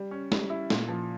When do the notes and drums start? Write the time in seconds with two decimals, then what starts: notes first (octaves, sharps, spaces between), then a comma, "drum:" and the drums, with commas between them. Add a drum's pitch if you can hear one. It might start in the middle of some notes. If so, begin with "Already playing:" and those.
Already playing: G3
0.11 C#4
0.32 G3, drum: snare
0.50 E4
0.70 A#2, drum: snare
0.89 F3